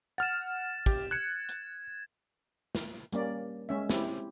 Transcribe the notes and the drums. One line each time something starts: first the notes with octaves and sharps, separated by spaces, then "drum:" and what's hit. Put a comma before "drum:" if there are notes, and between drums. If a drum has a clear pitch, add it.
F#5 F6 A6 E7
G4, drum: kick
F#6 G#6 C#7
drum: hi-hat
drum: snare
G3 A#3 C#4 D5, drum: hi-hat
G#3 C#4 E5
C4 E4 G4, drum: snare